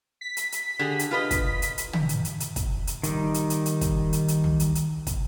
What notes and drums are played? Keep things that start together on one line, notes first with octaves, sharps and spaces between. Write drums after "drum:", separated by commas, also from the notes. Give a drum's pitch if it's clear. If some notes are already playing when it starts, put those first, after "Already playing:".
B6
drum: hi-hat
drum: hi-hat
D3 G4 G#4
drum: hi-hat
F4 B4 D#5
drum: kick, hi-hat
drum: hi-hat
drum: hi-hat
drum: tom
drum: hi-hat
drum: hi-hat
drum: hi-hat
drum: kick, hi-hat
drum: hi-hat
D#3 G3 D#4, drum: hi-hat
drum: hi-hat
drum: hi-hat
drum: hi-hat
drum: kick, hi-hat
drum: hi-hat
drum: hi-hat
drum: tom
drum: hi-hat
drum: hi-hat
drum: kick, hi-hat